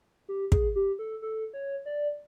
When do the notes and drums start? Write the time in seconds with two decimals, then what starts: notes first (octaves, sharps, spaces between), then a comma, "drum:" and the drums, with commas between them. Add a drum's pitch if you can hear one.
0.29 G4
0.52 G#4, drum: kick
0.75 G4
0.99 A4
1.22 A4
1.54 C#5
1.86 D5